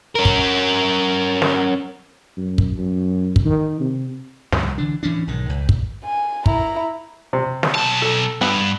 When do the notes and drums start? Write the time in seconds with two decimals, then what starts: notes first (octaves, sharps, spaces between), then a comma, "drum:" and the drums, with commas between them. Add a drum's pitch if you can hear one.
0.15 C#4 A#4
0.25 drum: kick
1.42 drum: snare
2.37 F#2
2.58 drum: kick
2.78 F#2
3.36 drum: kick
3.45 D#3
3.80 C3
4.52 D2 G2 A#2 F3, drum: snare
4.66 C2
4.78 D3 E3 D4
5.03 A2 E3 C#4 D4
5.27 B1 G#2 D#3
5.49 C#2
5.69 drum: kick
6.04 G#5
6.46 E4 A#5, drum: kick
7.33 C3
7.63 drum: snare
7.74 B1 A5
8.02 A4
8.41 G2 B3